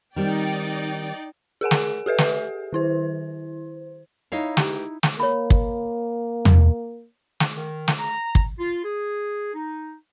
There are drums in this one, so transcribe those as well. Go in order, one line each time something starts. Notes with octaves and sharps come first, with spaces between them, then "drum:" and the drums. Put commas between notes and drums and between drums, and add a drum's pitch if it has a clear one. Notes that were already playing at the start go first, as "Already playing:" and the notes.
D#3 G3 C4 D#4 D5 G5
G#4 A#4 F#5 G#5
drum: snare
G4 A4 B4 E5
drum: snare
D#3 E4 C5
D#4 E4 C#5 D#5 F5
G4 B4, drum: snare
drum: snare
A#3 C#5 B5
drum: kick
drum: tom
drum: snare
D#3
drum: snare
A#5
drum: kick
F4
G#4
D#4